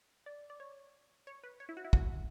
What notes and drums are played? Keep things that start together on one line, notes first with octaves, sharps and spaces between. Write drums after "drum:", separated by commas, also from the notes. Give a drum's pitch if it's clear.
D5
D5
C#5
C#5
B4
C#5
E4
F#4
E4
F#4, drum: kick